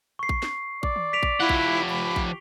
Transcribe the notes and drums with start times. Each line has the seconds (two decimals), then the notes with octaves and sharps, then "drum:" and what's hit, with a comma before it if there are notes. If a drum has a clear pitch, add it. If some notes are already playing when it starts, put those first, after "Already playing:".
0.19 C#6 C7
0.29 drum: kick A#1
0.43 drum: snare
0.83 D5, drum: kick A#1
0.96 drum: tom D#3
1.13 B6 D7 F7
1.23 drum: kick A#1
1.40 F3 E4 F#5 G7
1.49 drum: kick A#1
1.65 G4
1.89 B5
2.16 drum: kick A#1